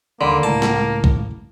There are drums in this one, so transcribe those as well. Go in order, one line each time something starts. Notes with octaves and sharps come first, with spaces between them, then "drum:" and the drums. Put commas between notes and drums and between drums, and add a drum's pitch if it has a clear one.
D#2 D3 A#3 B5 C6
C#2 A2 A5 A#5
drum: snare
drum: kick B1